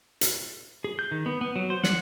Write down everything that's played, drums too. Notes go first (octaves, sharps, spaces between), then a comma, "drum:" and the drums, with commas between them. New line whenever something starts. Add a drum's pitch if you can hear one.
drum: hi-hat
G#4
G6
D#3
B3
B3
F#3
C5
F#5, drum: snare